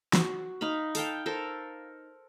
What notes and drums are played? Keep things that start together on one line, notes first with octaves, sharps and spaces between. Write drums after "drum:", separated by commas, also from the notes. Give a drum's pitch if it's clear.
F#4, drum: snare
D#4 F5 B5
A4 F5 G5, drum: open hi-hat
A4 A#4 C5